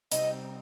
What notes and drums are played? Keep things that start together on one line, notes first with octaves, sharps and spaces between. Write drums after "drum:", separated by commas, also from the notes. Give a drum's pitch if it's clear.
C3 G3 C4 D#4 D#5, drum: hi-hat